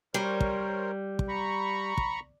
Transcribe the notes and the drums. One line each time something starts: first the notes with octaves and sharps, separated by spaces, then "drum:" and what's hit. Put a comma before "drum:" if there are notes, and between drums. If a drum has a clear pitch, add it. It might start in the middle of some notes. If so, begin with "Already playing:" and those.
G3 A#4 C5 C#5
drum: kick
drum: kick
A#5 B5 C#6
drum: kick